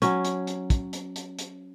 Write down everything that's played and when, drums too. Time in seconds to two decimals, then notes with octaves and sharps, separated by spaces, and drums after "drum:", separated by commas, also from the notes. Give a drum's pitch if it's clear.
0.02 F#3 C#4, drum: hi-hat
0.25 drum: hi-hat
0.47 drum: hi-hat
0.70 drum: kick, hi-hat
0.93 drum: hi-hat
1.16 drum: hi-hat
1.39 drum: hi-hat